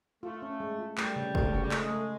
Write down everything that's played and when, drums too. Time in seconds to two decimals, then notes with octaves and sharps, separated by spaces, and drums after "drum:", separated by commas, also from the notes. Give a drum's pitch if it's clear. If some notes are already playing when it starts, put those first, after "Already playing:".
0.23 A3 F4
0.42 C#4
0.60 G#3
0.79 F4
0.98 G3 A3, drum: clap
1.16 C#3
1.35 A3, drum: kick
1.42 F3
1.52 C#3 F#3
1.62 G3
1.71 G#3 A3, drum: clap
1.90 A3